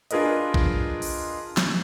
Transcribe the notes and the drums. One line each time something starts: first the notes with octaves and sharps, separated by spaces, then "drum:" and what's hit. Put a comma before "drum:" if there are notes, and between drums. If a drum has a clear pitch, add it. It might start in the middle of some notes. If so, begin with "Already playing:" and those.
D4 F4 G#4 A#4 B4 D#5, drum: hi-hat
drum: kick A#1
drum: open hi-hat
drum: snare